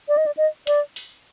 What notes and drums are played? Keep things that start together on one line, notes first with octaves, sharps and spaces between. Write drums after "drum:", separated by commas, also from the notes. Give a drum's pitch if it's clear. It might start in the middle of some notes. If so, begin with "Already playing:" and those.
D5
D#5
D5
D#5
D5, drum: hi-hat
drum: open hi-hat